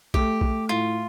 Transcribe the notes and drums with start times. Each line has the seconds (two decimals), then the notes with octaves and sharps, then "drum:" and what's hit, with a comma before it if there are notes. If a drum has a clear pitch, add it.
0.14 A3 G4, drum: kick A#1
0.41 A3, drum: kick A#1
0.69 A2 F4